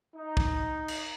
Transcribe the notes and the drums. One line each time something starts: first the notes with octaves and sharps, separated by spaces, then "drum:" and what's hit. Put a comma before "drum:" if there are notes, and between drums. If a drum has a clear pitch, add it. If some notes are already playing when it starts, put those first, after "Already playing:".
D#4
drum: kick
drum: cymbal